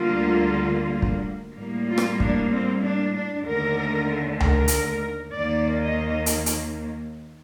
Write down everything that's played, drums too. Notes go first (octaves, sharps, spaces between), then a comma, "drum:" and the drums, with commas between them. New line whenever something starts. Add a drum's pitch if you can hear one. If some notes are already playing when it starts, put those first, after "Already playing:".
Already playing: D2 D3 G3 A#3 F4
drum: kick
A2 G3 A#3
F4
drum: rim click
D4, drum: kick
C4
D4
D4
D#2 D3 A3 A#4
A#4, drum: tom C#2
drum: hi-hat
D#2 D#3 A#3 D5
D#5
drum: hi-hat
drum: hi-hat